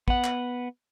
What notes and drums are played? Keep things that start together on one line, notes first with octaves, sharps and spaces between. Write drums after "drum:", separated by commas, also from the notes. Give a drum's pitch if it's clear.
B3 F#5, drum: kick
drum: clap